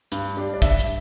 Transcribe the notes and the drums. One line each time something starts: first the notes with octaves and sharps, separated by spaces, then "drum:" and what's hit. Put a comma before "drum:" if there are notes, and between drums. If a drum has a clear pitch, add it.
G2, drum: hi-hat
G3 D4
D5
G2 E5, drum: kick, hi-hat
drum: hi-hat